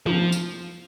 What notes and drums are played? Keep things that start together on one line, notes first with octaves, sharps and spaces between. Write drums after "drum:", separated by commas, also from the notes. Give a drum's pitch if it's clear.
F3, drum: tom
drum: tambourine